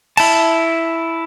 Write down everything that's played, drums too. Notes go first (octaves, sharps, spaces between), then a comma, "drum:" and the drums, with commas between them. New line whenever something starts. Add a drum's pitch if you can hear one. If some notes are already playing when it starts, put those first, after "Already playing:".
E4 A5, drum: cymbal